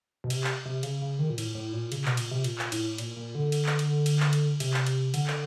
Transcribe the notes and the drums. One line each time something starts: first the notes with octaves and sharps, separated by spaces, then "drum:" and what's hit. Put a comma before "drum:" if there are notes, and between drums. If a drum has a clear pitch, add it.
B2
C3, drum: cymbal
drum: clap
C3
C#3, drum: cymbal
C#3
D#3
A#2
A2, drum: cymbal
A2
A#2
C#3, drum: cymbal
B2, drum: clap
A#2, drum: cymbal
C3
A#2, drum: cymbal
drum: clap
A2, drum: cymbal
A#2, drum: cymbal
A#2
D3
drum: cymbal
drum: clap
drum: cymbal
drum: cymbal
drum: clap
drum: cymbal
C3, drum: cymbal
drum: clap
drum: cymbal
D3, drum: cymbal
drum: clap